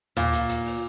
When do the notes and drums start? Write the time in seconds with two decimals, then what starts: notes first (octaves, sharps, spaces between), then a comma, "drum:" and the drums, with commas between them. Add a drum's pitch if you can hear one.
0.17 A#2, drum: tom
0.33 drum: hi-hat
0.49 drum: hi-hat
0.66 drum: open hi-hat